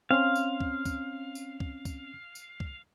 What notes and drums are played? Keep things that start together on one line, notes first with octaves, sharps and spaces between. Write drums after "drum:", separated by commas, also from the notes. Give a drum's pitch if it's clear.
C4 C#4 F5 C6
drum: tambourine
drum: kick C#2
drum: kick C#2, tambourine
drum: tambourine
drum: kick C#2
drum: kick C#2, tambourine
drum: tambourine
drum: kick C#2